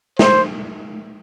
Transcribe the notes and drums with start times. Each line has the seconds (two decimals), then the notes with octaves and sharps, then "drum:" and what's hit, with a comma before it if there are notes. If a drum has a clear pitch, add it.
0.19 C5, drum: snare